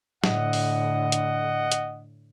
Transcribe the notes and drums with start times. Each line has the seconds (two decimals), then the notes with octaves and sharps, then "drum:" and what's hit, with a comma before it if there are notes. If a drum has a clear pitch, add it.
0.24 A2 D3 D#5 F#5, drum: snare
0.53 drum: open hi-hat
1.12 drum: hi-hat
1.72 drum: hi-hat